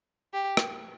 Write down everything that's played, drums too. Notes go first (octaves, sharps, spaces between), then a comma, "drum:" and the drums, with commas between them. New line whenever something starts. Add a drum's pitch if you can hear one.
G4
drum: rim click